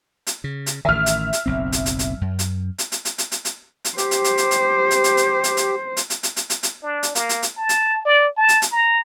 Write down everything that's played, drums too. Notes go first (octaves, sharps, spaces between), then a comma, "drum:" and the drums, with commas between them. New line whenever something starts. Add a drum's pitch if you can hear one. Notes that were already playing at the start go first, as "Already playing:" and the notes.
drum: hi-hat
C#3
drum: hi-hat
A1 D#3 E5 F6
drum: hi-hat
drum: hi-hat
F#1 B1 C4
drum: hi-hat
drum: hi-hat
drum: hi-hat
F#2
drum: hi-hat
drum: hi-hat
drum: hi-hat
drum: hi-hat
drum: hi-hat
drum: hi-hat
drum: hi-hat
drum: hi-hat
G4 C5, drum: hi-hat
drum: hi-hat
drum: hi-hat
drum: hi-hat
drum: hi-hat
drum: hi-hat
drum: hi-hat
drum: hi-hat
drum: hi-hat
drum: hi-hat
drum: hi-hat
drum: hi-hat
drum: hi-hat
drum: hi-hat
drum: hi-hat
drum: hi-hat
D4
drum: hi-hat
A#3, drum: hi-hat
drum: hi-hat
drum: hi-hat
A5
drum: hi-hat
D5
A5
drum: hi-hat
drum: hi-hat
A#5